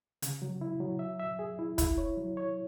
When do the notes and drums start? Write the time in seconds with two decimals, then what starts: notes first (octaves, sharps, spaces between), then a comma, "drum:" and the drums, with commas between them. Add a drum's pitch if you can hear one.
0.22 C#3, drum: hi-hat
0.42 F#3
0.61 E4
0.80 F#3
0.99 E5
1.20 E5
1.39 G#4
1.59 E4
1.78 E4, drum: kick, hi-hat
1.98 C#5
2.17 F#3
2.37 C#5